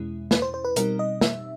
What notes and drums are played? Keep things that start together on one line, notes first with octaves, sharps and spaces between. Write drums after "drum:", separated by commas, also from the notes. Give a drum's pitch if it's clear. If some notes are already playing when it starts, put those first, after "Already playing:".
Already playing: E2 B2 G#3 C#4 E4
B4, drum: snare
C5
C5
B4
B2 G3 C4 D#4 A#4, drum: hi-hat
D#5
E5, drum: snare